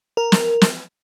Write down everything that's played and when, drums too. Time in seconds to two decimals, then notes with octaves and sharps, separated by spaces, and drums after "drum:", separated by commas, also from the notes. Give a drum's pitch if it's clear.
0.17 A#4
0.32 drum: snare
0.61 drum: snare